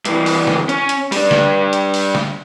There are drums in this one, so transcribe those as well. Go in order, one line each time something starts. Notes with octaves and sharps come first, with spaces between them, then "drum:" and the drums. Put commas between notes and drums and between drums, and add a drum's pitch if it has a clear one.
G2 E3, drum: hi-hat
drum: open hi-hat
drum: snare
C#4, drum: hi-hat
drum: hi-hat
G3 D4, drum: open hi-hat
drum: snare
drum: hi-hat
drum: open hi-hat
drum: snare